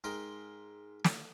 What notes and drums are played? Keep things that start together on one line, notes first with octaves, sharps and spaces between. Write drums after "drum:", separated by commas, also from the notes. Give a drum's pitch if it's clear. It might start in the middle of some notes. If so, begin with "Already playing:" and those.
G#2 A#4 D#5 G5 C6
drum: snare